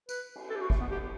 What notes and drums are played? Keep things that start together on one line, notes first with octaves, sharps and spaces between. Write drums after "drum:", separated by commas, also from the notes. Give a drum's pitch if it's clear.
B4, drum: tambourine
drum: cymbal
A4
G4
F#4
A3, drum: kick
B3
G4